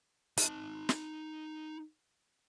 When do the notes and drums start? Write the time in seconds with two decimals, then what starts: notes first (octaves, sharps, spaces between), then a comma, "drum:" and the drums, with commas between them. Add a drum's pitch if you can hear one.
0.37 D#4 A5, drum: hi-hat
0.89 drum: snare